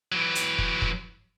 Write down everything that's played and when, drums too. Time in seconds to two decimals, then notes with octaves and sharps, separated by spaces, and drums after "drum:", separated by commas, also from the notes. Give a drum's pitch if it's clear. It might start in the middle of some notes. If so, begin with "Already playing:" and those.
0.12 E3 F#3
0.35 drum: hi-hat
0.58 drum: kick
0.82 drum: kick